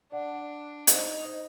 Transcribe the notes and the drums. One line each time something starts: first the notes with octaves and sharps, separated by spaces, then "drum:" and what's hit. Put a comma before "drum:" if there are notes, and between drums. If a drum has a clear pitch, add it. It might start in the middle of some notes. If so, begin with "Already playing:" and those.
D4 D5 F#5
D#4 C5 D#5, drum: hi-hat
C5 D#5